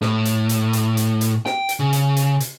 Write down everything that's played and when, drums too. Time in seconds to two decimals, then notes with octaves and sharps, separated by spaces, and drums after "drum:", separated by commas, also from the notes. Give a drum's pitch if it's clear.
0.01 A2, drum: snare
0.25 drum: hi-hat
0.49 drum: hi-hat
0.73 drum: hi-hat
0.97 drum: hi-hat
1.21 drum: hi-hat
1.46 G5, drum: snare
1.69 drum: hi-hat
1.80 C#3
1.93 drum: hi-hat
2.17 drum: hi-hat
2.40 drum: hi-hat